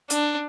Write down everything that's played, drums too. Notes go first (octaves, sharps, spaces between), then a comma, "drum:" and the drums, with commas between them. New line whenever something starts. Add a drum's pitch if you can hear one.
D4, drum: hi-hat